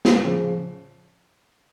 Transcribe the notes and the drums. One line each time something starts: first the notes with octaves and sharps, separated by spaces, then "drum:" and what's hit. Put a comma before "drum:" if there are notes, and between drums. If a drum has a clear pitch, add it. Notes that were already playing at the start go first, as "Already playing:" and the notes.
drum: snare
C#3 F3